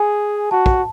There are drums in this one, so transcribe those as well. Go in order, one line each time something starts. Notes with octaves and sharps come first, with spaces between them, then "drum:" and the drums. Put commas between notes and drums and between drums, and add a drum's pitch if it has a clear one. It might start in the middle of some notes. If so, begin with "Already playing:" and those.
Already playing: G#4 G#5
F#4 A5
drum: kick